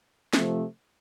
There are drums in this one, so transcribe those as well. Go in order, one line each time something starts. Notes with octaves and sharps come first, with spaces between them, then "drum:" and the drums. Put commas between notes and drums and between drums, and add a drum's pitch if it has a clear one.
C3 F3 A3, drum: snare